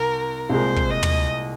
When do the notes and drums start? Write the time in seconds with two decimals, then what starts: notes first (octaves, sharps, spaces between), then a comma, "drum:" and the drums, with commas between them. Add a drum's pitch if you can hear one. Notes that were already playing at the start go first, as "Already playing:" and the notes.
Already playing: C2 A#4
0.50 C2 A#2 G#3 C5
0.76 drum: kick
0.90 D#5
1.03 drum: tom